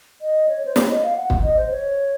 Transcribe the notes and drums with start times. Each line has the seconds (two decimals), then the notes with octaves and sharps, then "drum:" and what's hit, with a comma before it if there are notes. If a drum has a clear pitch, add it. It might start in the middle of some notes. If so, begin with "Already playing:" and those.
0.22 D#5
0.48 C#5
0.65 C5
0.76 C#5, drum: snare
0.89 D#5
1.03 F5
1.16 F#5
1.30 drum: kick
1.43 D#5
1.57 C5
1.71 C#5